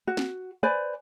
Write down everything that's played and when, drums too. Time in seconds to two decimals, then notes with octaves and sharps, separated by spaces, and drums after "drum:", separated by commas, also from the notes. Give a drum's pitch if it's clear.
0.07 F#4
0.17 drum: snare C4
0.63 B4 C5 D5 G#5